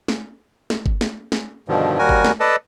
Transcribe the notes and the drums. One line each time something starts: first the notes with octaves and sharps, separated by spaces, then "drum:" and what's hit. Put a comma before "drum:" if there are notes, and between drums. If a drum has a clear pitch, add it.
drum: snare
drum: snare
drum: kick G1
drum: snare
drum: snare
G2 B2 D3 D#3 F3
D#2 G3 F#4 A#4 G#5
drum: kick G1
drum: snare
A4 B4 D5 D#5 A5